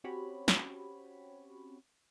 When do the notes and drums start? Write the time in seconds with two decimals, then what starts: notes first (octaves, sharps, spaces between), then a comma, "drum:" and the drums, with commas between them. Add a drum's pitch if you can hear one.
0.04 C4 C#4 F#4 G4 C#5 B5
0.48 drum: snare